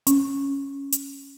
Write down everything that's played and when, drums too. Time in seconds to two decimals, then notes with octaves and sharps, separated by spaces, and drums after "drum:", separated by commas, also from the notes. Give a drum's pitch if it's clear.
0.07 C#4, drum: hi-hat
0.92 drum: hi-hat